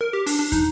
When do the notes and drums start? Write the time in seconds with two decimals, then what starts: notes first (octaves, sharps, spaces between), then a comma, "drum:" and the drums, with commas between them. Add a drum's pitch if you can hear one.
0.01 A#4
0.13 G4
0.26 D4, drum: open hi-hat
0.39 D4
0.52 D#4, drum: kick, hi-hat